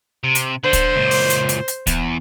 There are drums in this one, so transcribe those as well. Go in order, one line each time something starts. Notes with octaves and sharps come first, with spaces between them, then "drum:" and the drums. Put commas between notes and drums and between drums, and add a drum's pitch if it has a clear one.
C3
drum: hi-hat
D3 C5
drum: kick, hi-hat
C#2 A#2
drum: open hi-hat
drum: hi-hat
drum: hi-hat
drum: hi-hat
E2, drum: kick, hi-hat